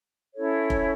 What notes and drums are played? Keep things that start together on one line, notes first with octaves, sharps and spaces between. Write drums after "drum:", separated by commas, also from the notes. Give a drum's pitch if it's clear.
C#4 E4 A4 C#5
drum: kick F1